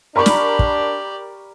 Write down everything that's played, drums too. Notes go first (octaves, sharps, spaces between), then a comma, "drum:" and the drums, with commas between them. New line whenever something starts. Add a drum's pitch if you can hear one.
D4 G4 A#4 D5 B5 C#6
drum: snare
drum: kick